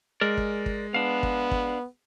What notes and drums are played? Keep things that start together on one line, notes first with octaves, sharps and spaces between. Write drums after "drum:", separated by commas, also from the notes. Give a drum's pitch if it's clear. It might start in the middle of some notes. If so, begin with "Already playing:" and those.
G#3 A#4 D5
drum: kick
drum: kick
B3 D4 F5
drum: kick
drum: kick